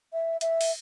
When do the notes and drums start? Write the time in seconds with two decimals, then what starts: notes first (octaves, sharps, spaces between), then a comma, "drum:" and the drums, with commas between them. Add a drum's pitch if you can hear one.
0.13 E5
0.41 E5, drum: hi-hat
0.61 drum: open hi-hat